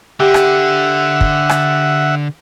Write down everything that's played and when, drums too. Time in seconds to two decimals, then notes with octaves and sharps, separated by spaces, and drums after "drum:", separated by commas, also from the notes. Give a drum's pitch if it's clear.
0.20 D3 G4 E5 F#5
0.34 drum: rim click
1.21 drum: kick
1.49 drum: rim click